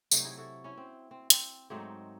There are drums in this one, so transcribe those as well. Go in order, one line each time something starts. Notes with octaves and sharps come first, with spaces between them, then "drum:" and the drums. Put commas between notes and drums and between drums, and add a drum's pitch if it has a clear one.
C3 F#3 A3 D#4 F#4, drum: tambourine
E4 G#4
F#4 A4
C#4 E4
C4
C4
C4, drum: hi-hat
G#2 F#3 A3 C4 D#4